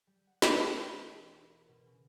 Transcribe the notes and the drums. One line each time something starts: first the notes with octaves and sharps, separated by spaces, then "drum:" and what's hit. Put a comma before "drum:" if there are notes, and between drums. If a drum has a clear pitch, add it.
G3
F#5
E1, drum: snare
C#6
C5
E1
C7
C6
A#4
B2
C#3